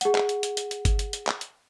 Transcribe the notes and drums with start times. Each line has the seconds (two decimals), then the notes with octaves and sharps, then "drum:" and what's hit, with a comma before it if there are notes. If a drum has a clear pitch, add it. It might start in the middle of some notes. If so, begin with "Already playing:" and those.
0.01 G#4 F#5, drum: hi-hat
0.15 drum: clap
0.29 drum: hi-hat
0.43 drum: hi-hat
0.57 drum: hi-hat
0.71 drum: hi-hat
0.85 drum: kick G1, hi-hat
0.99 drum: hi-hat
1.13 drum: hi-hat
1.27 drum: clap
1.41 drum: hi-hat